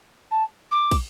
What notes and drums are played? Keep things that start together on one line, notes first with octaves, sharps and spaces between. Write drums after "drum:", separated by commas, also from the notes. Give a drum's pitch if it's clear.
A5
D6
drum: kick, cymbal